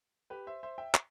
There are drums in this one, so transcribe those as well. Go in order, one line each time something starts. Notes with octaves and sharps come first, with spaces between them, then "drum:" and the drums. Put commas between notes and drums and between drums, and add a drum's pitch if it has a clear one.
G4 B4
C5 E5
C5 E5
E5 G5
drum: clap